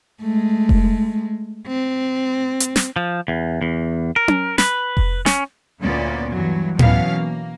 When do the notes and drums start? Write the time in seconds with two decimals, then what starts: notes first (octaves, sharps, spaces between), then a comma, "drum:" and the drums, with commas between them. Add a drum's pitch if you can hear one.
0.22 G#3 A3
0.69 drum: kick F1
1.67 C4
2.60 drum: hi-hat
2.76 drum: snare
2.96 F3
3.28 E2
3.61 E2
4.16 A#4
4.28 drum: tom C#4
4.58 B4, drum: snare
4.97 drum: kick F1
5.26 C#4, drum: snare
5.82 D2 A#2 A#3 B3 C#4 D5
6.30 G2 E3 F#3
6.79 B2 E3 F#3 B3 C#4 F5, drum: tom A2
7.16 A#3